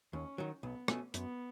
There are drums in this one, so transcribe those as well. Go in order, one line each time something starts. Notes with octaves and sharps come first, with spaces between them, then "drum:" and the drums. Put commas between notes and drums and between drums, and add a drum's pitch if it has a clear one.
D#2 C#4
D#3 F#3
B1 B3
B2 A3 C#4, drum: rim click
F#2 B3, drum: hi-hat